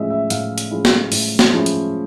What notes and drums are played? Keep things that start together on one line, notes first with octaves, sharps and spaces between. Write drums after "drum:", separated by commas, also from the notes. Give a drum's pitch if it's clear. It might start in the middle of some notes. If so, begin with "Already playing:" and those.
Already playing: A2 F3 G#3 C#4 E4 D#5 E5
E5
A2 F5, drum: hi-hat
drum: hi-hat
F3 G#3 C#4 E4
drum: snare
A2, drum: open hi-hat
drum: snare
F3 G#3 C#4 E4
drum: hi-hat